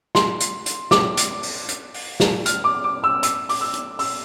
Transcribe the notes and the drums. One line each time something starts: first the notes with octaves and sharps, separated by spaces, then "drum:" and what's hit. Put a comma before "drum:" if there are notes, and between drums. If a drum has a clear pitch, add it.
C6, drum: snare
drum: hi-hat
drum: hi-hat
D6, drum: snare
drum: hi-hat
drum: open hi-hat
drum: hi-hat
drum: open hi-hat
drum: snare
F6, drum: hi-hat
D6
D6
E6
E6, drum: hi-hat
D6, drum: open hi-hat
E6
drum: hi-hat
E6, drum: open hi-hat